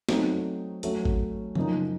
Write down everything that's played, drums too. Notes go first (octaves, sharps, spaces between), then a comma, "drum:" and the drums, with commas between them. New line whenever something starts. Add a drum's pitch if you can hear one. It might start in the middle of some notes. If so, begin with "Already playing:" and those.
F#3 A3 C4 D#4 F#4, drum: snare B3
F#3 A3 C#4 F#4, drum: hi-hat
drum: kick A1
F#2 C#3 F3 A#3 D#4, drum: tom C#3